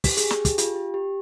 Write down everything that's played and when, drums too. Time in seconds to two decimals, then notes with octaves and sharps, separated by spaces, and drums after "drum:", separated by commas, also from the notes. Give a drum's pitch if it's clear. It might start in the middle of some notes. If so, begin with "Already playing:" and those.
0.04 G4, drum: kick, open hi-hat
0.17 G#4, drum: hi-hat
0.30 G#4, drum: snare
0.45 G4, drum: kick, hi-hat
0.58 F4, drum: hi-hat
0.76 G4
0.94 G4